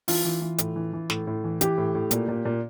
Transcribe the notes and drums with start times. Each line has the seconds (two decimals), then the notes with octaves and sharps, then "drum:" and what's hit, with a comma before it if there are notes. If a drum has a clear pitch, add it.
0.08 E3 F4, drum: open hi-hat
0.25 E3
0.41 E3
0.58 A2, drum: hi-hat
0.76 E3
0.93 E3
1.10 A2, drum: snare
1.27 A2
1.44 E3
1.61 E3 G4, drum: hi-hat
1.78 A2
1.95 A2
2.11 A#2, drum: hi-hat
2.28 A#2
2.45 A#2